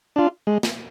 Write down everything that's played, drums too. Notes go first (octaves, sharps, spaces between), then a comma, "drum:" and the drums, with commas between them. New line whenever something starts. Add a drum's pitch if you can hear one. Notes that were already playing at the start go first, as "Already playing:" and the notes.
D4 F4
G#3
drum: snare